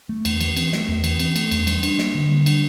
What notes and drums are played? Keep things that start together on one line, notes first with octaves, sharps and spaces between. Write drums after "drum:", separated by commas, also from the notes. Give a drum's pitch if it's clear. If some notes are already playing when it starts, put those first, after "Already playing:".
A3
E2, drum: cymbal
E3, drum: cymbal
C4, drum: cymbal
A3, drum: snare
E2
E3, drum: cymbal
C4, drum: cymbal
A3, drum: cymbal
E2, drum: cymbal
G3, drum: cymbal
D4, drum: cymbal
A#3, drum: snare
D3
G3
D4, drum: cymbal